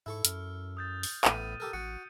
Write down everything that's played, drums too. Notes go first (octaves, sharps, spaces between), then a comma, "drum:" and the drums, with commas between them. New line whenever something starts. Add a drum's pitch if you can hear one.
G#2 E4 A4 C#6
F#2 F6, drum: hi-hat
D#6 G6 A6
drum: open hi-hat
A1 A2 B3 B5 D#7, drum: clap
G4 A4 A#4
A1 F#4 C#7